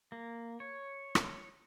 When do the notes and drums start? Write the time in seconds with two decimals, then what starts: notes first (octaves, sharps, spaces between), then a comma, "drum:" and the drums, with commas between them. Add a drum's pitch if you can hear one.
0.12 A#3
0.60 C#5
1.15 drum: rim click